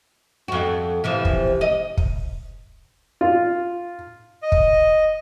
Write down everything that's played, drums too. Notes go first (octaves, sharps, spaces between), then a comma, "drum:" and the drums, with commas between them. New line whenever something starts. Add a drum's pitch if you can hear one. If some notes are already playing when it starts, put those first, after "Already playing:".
F2 F#4
C3 E3 F3
drum: kick
D#5
drum: kick
F4
D#5
drum: kick